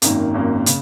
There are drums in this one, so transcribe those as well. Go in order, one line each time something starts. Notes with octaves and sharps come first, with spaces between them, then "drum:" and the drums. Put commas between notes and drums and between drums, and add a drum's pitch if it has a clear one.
G#1 F#2 D#3 A#3, drum: hi-hat
G#1 F#2 D#3 A#3
C#3, drum: hi-hat